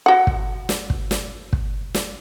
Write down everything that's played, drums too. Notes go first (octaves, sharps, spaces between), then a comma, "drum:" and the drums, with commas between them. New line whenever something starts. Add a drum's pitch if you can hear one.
F#4 F#5
drum: kick
drum: snare
drum: kick
drum: snare
drum: kick
drum: snare